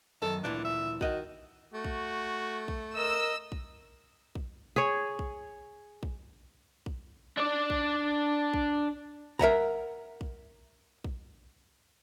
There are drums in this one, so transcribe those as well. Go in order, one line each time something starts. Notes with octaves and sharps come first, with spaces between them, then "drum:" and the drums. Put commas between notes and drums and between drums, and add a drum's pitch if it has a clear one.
F#2 D#3 A4
D2 A#2 E3 D4
E5
D#3 F#4 D#5, drum: kick
A3 F#4
drum: kick
drum: kick
A#4 D#5 E6
drum: kick
drum: kick
G#4 C#5
drum: kick
drum: kick
drum: kick
D4 D5
drum: kick
drum: kick
A#4 E5 F#5 A#5, drum: kick
drum: kick
drum: kick